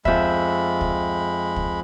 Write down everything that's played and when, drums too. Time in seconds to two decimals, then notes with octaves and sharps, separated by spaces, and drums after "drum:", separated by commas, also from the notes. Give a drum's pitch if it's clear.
0.05 F2 G#3 E5 B5, drum: kick
0.81 drum: kick
1.56 drum: kick